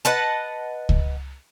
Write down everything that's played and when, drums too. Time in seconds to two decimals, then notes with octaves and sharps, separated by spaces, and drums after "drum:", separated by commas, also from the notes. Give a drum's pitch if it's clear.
0.05 B4 D#5 F#5 A5
0.89 drum: kick C#2